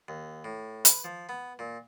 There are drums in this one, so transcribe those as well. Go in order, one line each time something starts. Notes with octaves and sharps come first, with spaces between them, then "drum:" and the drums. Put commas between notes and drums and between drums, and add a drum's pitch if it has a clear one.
D#2
A2
B4, drum: hi-hat
F3
B3
A#2